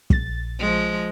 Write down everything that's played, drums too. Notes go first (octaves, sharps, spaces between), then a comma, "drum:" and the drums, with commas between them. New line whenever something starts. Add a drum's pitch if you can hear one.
A#1 A6, drum: kick
F3 G#3